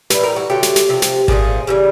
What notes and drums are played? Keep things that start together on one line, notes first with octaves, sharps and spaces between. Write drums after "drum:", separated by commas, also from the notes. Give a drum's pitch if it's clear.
A2 E3 G3 B4, drum: snare
A#4
F#4
D3 F#3 A3 G4
drum: snare
drum: snare
C3 F3 A3
drum: snare
A#2 F3 A3 G#4, drum: kick G#1
C#3 E3 G3